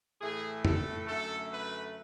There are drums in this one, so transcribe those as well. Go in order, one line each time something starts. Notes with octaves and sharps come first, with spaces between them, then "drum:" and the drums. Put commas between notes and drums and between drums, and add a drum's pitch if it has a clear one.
A2 E3 A3 G#4
A4, drum: tom F2
F#2 D3 A3 A4
B4